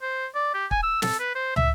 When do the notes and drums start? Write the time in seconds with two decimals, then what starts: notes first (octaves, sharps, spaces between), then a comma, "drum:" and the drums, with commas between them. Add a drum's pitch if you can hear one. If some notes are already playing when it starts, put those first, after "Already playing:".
0.02 C5
0.35 D5
0.54 G4
0.71 G#5, drum: kick
0.83 E6
1.02 A4, drum: snare
1.20 B4
1.35 C5
1.56 E5, drum: tom